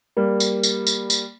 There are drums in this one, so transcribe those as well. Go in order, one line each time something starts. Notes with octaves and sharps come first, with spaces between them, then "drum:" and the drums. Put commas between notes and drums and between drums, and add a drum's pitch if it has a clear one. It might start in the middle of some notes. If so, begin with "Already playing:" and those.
G3 A#3
drum: tambourine
drum: tambourine
drum: tambourine
drum: tambourine